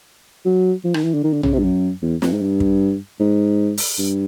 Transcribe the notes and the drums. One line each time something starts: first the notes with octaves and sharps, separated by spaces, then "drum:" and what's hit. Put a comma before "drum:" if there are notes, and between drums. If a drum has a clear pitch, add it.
F#3
F3
D#3, drum: rim click
E3
D3
D#3
D3
C#3, drum: tom
C3
G2
F#2
E2
F2, drum: snare
G#2
G2
drum: kick
G#2
drum: open hi-hat
G2